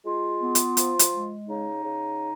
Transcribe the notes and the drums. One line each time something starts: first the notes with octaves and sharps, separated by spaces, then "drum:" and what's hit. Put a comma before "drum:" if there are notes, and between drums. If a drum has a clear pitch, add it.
G#3 F4
B3
drum: hi-hat
F3, drum: hi-hat
drum: hi-hat
G#3
C#3 D#4
C#3